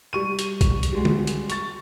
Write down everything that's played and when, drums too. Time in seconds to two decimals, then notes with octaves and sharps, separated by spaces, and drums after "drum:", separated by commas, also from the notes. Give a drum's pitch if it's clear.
0.13 G3 C#6 D#7
0.39 drum: hi-hat
0.61 drum: kick B1, hi-hat
0.83 drum: hi-hat
0.93 G3 G#3 F#4
1.05 drum: tom
1.27 drum: hi-hat
1.50 C#6 A6, drum: hi-hat